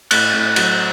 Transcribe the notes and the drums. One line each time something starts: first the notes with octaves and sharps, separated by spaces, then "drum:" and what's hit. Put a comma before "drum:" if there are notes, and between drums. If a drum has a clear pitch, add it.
A2 F#6, drum: cymbal
A2
F#3, drum: cymbal